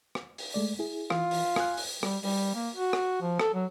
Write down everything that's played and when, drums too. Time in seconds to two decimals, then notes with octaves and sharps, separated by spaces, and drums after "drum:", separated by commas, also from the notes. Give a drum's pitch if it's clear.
0.15 drum: rim click
0.38 drum: open hi-hat
0.54 G#3 A3 D5
0.79 E4 G#4
1.10 E3 F4, drum: rim click
1.31 drum: open hi-hat
1.56 G#5 F#6, drum: rim click
1.77 drum: open hi-hat
2.03 G3, drum: rim click
2.23 G3, drum: open hi-hat
2.55 A#3
2.75 F#4
2.93 drum: rim click
3.22 F3
3.39 A4, drum: rim click
3.54 F#3